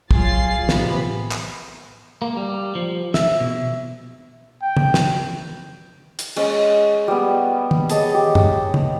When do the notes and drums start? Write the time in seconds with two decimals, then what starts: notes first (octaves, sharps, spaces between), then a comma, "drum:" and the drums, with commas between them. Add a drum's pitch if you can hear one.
0.11 F#3 F4 G#4 A6 C7, drum: kick
0.69 A1 C3 B3 B5, drum: snare
1.31 drum: clap
2.22 A#3
2.37 G3
2.75 F3
3.14 E5, drum: snare
3.40 B2
4.62 G5
4.77 drum: tom
4.94 drum: snare
6.19 drum: hi-hat
6.36 G#3 C#4, drum: cymbal
7.08 G3 B3
7.71 drum: tom
7.89 G#4 C#5 D#5 A5, drum: hi-hat
8.14 G4
8.35 drum: tom F#2
8.74 drum: tom